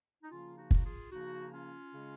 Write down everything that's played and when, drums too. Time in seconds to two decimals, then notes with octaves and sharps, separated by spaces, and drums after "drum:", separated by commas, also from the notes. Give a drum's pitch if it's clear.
0.22 D#4
0.30 C#3 F3 A#3 C#4 F4
0.57 D#4 F#4
0.71 drum: kick
0.84 F4 G#4
1.11 C#3 F3 A#3 D#4 F#4
1.52 C#4 F4
1.93 C#3 G#3